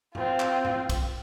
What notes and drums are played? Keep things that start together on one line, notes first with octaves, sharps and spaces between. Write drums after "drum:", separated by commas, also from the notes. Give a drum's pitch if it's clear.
C4 F4, drum: tom G#2
drum: clap
drum: tom G#2
drum: kick, cymbal